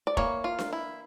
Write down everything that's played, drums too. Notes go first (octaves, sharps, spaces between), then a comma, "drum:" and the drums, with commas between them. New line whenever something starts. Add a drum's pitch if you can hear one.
D5
E3 A#3 C#5, drum: kick F1
F4
drum: snare D4
E4